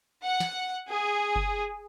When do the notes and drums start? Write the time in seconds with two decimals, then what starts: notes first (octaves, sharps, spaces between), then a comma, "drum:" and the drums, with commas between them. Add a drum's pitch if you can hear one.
0.24 F#5
0.40 drum: snare
0.88 G#4
1.36 drum: kick F#1